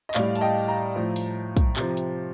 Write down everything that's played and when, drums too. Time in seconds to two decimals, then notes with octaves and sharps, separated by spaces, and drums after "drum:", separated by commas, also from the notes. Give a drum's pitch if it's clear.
0.09 D#5
0.14 A2 G3 D5 F5, drum: clap
0.35 A5, drum: hi-hat
0.41 D#5 G5
0.68 G5 A#5
0.96 A2 F3
1.16 drum: open hi-hat
1.57 drum: kick, hi-hat
1.76 C3 F3, drum: clap
1.97 drum: hi-hat